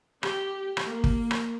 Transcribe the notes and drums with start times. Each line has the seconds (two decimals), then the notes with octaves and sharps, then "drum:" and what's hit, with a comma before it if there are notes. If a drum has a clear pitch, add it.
0.23 G4, drum: rim click
0.77 drum: rim click
0.87 A#3
1.04 drum: kick
1.31 drum: rim click